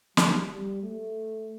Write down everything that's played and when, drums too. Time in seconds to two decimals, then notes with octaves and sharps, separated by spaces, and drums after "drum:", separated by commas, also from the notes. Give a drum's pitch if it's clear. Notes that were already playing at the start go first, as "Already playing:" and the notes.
0.17 G3, drum: snare
0.50 G3
0.83 A3